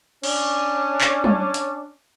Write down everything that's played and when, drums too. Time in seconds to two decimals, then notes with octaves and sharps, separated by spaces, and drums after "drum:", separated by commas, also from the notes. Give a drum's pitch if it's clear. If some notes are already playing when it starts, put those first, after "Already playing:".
0.23 C#4 D4, drum: cymbal
1.01 drum: clap
1.24 drum: tom F#3
1.54 drum: hi-hat